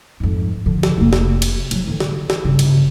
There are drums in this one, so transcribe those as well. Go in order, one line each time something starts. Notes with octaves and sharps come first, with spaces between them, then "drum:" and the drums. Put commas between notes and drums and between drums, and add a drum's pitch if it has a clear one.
F2 G#2
D3 F3
drum: snare
F1 A#3
drum: snare
drum: cymbal
F3 F#3, drum: cymbal
D3 E3
drum: snare
drum: snare
G1 C#3
drum: cymbal